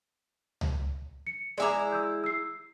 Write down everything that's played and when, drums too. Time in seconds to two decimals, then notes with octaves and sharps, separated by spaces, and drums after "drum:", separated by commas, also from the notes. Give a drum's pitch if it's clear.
0.61 drum: tom C#2
1.27 C#7
1.58 G#3 E4 D5 G#5 A#5 D6
1.92 E6 G6
2.24 E6 C7